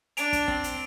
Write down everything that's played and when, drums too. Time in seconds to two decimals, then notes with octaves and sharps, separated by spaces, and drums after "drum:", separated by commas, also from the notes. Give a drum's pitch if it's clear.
0.17 D4 D7 F7, drum: hi-hat
0.33 drum: kick, hi-hat
0.48 C4, drum: kick
0.64 drum: hi-hat